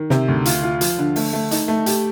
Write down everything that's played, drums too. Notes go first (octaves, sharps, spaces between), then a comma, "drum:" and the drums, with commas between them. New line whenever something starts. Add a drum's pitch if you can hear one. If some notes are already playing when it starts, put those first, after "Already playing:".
Already playing: D#3
C3, drum: snare
D2
F4, drum: hi-hat
F4
F3, drum: hi-hat
D3
A3, drum: open hi-hat
A3
D#4, drum: hi-hat
A3
G4, drum: hi-hat